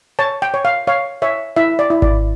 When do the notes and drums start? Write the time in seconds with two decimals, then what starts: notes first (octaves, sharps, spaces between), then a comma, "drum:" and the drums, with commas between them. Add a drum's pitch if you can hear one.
0.19 C#5 A5
0.42 G5
0.54 C#5
0.65 F5
0.87 C#5 F5
1.22 C#5 E5
1.56 E4 E5
1.79 D5
1.90 E4
2.02 D5, drum: kick G#1